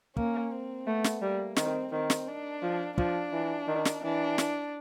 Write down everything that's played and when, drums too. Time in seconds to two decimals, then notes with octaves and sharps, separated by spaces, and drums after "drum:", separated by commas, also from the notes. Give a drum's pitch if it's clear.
0.17 A#3 C#4, drum: kick
0.51 C4
0.87 A3 B3
1.04 drum: snare
1.22 G3 A#3
1.56 D#3 C4, drum: snare
1.92 D#3 C4
2.10 drum: snare
2.28 D4
2.62 F3
2.98 F3 D4, drum: kick
3.33 E3
3.68 D#3
3.85 drum: snare
4.03 E3 D4
4.38 drum: snare